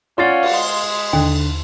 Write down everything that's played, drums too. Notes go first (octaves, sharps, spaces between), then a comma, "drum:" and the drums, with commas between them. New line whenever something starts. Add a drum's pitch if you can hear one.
C#4 F4 D5 F5 F#5 A6
drum: cymbal
G#3 C6
D#2 D3